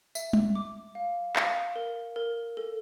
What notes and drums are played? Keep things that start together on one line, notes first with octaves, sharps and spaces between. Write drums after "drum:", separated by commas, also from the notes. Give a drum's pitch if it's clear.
E5, drum: tambourine
drum: tom G3
D6
F5
F5, drum: clap
A#4
A#4
A4